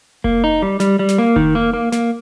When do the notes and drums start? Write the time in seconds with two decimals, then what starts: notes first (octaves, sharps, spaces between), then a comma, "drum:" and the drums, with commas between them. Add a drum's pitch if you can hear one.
0.24 A#3, drum: kick F1
0.44 D#4
0.62 G3
0.80 G3, drum: snare
0.99 G3
1.09 drum: snare
1.18 A#3
1.36 D#3, drum: kick F1
1.55 A#3
1.74 A#3
1.92 A#3, drum: snare